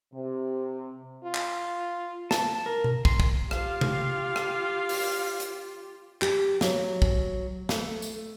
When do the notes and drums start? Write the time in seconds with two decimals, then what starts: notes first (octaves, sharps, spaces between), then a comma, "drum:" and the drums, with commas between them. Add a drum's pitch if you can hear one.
0.14 C3
1.24 F4
1.35 drum: clap
2.31 A5, drum: snare
2.66 A#4
2.84 drum: tom B2
3.05 C6, drum: kick
3.20 drum: kick
3.51 F4 G4 F5, drum: rim click
3.81 drum: tom C3
4.36 drum: rim click
4.89 drum: open hi-hat
5.40 drum: hi-hat
6.22 G4, drum: clap
6.61 F#3, drum: snare
7.02 drum: kick
7.69 A3, drum: snare
8.02 drum: tambourine